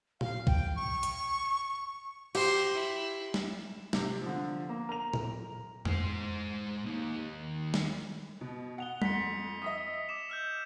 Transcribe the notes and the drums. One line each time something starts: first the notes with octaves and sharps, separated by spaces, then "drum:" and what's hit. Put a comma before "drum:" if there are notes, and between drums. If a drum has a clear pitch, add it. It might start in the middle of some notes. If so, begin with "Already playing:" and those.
F5, drum: tom A#2
G5, drum: kick
C#6
drum: hi-hat
G4 C5, drum: cymbal
E4
drum: snare
C3, drum: snare
D3 F3
A#3 A#4
A#4 F7
drum: tom A#2
G#3 C5, drum: tom F2
D#3 A#3
drum: snare
B2
F#5 D#6 F7 G7
F2 B6 C#7, drum: tom G3
D#5 E5 D#6
D6 E7
E6 F6 G6